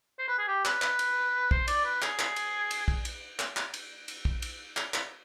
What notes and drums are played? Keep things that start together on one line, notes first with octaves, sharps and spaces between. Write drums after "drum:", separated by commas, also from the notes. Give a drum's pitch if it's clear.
C5
B4
G#4
G4
B4, drum: clap
B4, drum: clap
drum: cymbal
C5, drum: kick
D5, drum: cymbal
B4
G#4, drum: clap
drum: clap
drum: cymbal
drum: cymbal
drum: kick
drum: cymbal
drum: clap
drum: clap
drum: cymbal
drum: cymbal
drum: kick
drum: cymbal
drum: clap
drum: clap